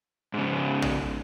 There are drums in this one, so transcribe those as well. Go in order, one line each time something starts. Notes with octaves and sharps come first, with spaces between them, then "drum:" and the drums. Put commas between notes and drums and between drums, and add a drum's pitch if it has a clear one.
G#2 C#3
drum: tom